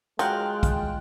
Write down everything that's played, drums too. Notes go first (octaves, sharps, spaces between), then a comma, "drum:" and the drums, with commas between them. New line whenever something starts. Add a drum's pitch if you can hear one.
F#3 G#3 F4 G5 F#6, drum: hi-hat
drum: kick, hi-hat